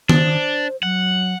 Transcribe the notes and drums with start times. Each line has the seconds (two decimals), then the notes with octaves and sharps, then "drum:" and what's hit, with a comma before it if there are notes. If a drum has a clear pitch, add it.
0.09 D4 C5, drum: tom D#3
0.83 F#3 F#5